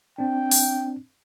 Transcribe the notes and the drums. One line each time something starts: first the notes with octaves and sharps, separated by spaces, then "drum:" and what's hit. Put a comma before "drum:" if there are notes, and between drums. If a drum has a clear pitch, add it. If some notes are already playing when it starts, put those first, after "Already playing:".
C4 D4 G5
drum: open hi-hat